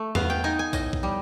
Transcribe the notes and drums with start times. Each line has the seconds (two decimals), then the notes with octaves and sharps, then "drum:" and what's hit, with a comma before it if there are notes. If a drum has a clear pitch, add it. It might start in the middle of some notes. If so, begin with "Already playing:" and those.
Already playing: A3
0.15 B3 F5, drum: tom E2
0.30 G5
0.44 D#4 G#5
0.59 G#5
0.73 A2 D#5, drum: kick, tambourine
0.93 drum: kick
1.03 G3